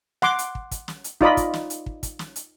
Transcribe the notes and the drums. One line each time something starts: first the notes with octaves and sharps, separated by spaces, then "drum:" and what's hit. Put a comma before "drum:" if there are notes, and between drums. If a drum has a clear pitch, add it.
F#5 C6 D6, drum: snare
drum: hi-hat
drum: kick
drum: kick, hi-hat
drum: snare
drum: hi-hat
D#4 F4 D5 D#5 B5, drum: kick
drum: kick, hi-hat
drum: snare
drum: hi-hat
drum: kick
drum: kick, hi-hat
drum: snare
drum: hi-hat